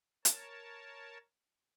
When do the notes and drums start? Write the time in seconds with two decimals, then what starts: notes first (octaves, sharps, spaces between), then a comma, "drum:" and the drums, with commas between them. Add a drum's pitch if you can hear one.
0.25 A#4 C#5 A5, drum: hi-hat